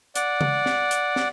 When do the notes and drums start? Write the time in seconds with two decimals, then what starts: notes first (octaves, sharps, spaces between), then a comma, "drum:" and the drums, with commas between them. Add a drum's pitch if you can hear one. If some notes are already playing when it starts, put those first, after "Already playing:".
0.15 D5 F#5, drum: hi-hat
0.41 drum: tom C#3
0.66 drum: snare
0.91 drum: hi-hat
1.16 drum: snare